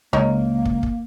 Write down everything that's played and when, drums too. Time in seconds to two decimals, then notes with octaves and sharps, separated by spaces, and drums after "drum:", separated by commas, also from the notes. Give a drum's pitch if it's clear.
0.13 C#2 A#3 D#4 A#4 C#5
0.65 drum: kick
0.83 drum: kick